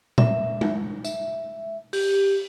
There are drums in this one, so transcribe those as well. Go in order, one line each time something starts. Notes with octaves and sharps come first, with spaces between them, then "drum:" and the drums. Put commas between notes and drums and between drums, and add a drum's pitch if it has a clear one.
E5, drum: tom A#2
drum: tom G#3
E5, drum: tambourine
G4, drum: open hi-hat